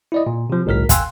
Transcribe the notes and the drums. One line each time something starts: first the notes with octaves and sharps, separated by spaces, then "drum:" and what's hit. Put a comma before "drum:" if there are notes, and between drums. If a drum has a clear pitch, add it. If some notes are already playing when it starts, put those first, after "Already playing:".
E4 D5 D#5
A#2
C3 F3
G1 C2 A2 A#4 F6 B6
F5 G5 G#5 C6 E6 F#6, drum: kick, hi-hat